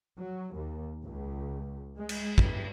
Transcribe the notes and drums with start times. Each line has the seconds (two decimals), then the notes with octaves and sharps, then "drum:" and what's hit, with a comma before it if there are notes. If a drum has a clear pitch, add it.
0.18 F#3
0.54 D#2
1.03 C#2
1.98 G#3
2.09 drum: cymbal
2.38 G2, drum: kick